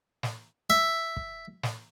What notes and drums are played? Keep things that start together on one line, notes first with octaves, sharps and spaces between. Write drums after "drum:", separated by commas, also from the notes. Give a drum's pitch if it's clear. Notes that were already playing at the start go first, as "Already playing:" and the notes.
drum: snare
E5
drum: kick
drum: snare